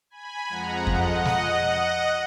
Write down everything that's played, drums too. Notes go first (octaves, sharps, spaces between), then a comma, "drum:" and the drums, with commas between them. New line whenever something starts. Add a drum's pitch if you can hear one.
G#5 B5
F2 F3 G#3 F#5 A#5
D#5 F#5, drum: kick F2
drum: snare